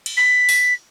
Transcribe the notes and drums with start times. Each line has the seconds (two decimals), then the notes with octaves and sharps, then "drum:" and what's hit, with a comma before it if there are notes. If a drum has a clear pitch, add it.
0.06 drum: cymbal
0.17 B6
0.49 drum: open hi-hat